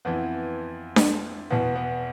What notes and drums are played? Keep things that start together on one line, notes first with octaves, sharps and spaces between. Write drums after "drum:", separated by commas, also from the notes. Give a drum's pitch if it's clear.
F2 E3 B3
drum: snare D4
E2 B2 B3
B3